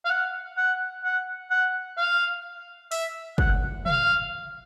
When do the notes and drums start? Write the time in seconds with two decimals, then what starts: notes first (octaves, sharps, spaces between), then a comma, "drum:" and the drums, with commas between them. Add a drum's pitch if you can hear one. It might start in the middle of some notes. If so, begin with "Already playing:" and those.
0.05 F5
0.10 F#5
0.58 F#5
1.04 F#5
1.50 F#5
1.97 F5
2.92 E5, drum: open hi-hat
3.38 F#5, drum: kick
3.86 F5, drum: tom